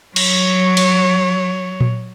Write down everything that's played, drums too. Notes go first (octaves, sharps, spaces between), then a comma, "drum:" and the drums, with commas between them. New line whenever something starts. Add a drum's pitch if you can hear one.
F#3 C#5, drum: cymbal
drum: cymbal
drum: tom A#2